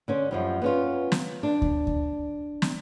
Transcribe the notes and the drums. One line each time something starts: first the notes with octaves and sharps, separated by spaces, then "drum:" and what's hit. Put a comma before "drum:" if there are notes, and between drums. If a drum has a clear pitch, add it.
D3 C#4 C5
F#2 F3 G3
B3 C#4 F4
drum: snare
D4
drum: kick D2
drum: kick D2
drum: snare